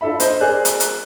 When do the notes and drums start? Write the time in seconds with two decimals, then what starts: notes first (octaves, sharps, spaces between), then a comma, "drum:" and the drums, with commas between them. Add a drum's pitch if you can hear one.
0.01 D4 F4 A4 E5 B5
0.20 C5 D#5, drum: hi-hat
0.40 G#4 A#4 C5 D5 F#6
0.65 drum: hi-hat
0.80 drum: hi-hat